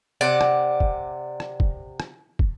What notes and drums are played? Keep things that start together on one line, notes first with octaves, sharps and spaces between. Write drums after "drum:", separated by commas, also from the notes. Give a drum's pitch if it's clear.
C3 D5 F#5
drum: rim click
drum: kick
drum: rim click
drum: kick
drum: rim click
drum: kick